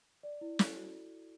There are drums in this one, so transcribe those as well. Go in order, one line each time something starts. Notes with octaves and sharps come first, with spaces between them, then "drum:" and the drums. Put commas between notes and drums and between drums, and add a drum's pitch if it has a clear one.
D5
E4
A4, drum: snare
F#4